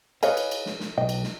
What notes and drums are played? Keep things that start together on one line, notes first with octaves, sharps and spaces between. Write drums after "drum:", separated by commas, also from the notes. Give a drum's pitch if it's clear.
G#4 B4 C#5 D#5 F5 G#5, drum: cymbal
drum: cymbal
drum: cymbal
drum: snare
drum: snare
B1 D#5 G5
drum: cymbal
drum: snare